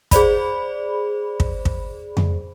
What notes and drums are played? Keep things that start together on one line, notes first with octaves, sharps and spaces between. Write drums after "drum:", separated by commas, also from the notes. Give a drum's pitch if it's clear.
G#4 C5 D5 B5, drum: kick, hi-hat
drum: kick
drum: kick
drum: tom F2